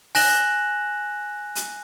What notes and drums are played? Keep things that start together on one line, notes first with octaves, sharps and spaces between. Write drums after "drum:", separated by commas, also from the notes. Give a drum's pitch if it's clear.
G#5 F#6 A#6 E7 F#7, drum: open hi-hat
drum: hi-hat